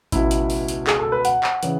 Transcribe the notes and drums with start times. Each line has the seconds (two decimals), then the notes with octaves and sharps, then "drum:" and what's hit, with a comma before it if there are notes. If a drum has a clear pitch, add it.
0.12 C#2 B2 E4, drum: kick A1, hi-hat
0.31 drum: hi-hat
0.50 drum: open hi-hat
0.68 drum: hi-hat
0.87 G#4, drum: clap
1.00 A4
1.12 B4
1.25 F#5, drum: hi-hat
1.43 drum: clap
1.63 C#3 E3, drum: hi-hat